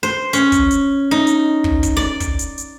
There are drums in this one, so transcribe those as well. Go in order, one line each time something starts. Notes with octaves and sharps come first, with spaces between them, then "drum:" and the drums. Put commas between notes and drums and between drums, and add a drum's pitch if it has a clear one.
C5
C#4, drum: hi-hat
drum: kick, hi-hat
drum: hi-hat
D#4
drum: hi-hat
drum: kick
drum: kick, hi-hat
D5
drum: kick, hi-hat
drum: hi-hat
drum: hi-hat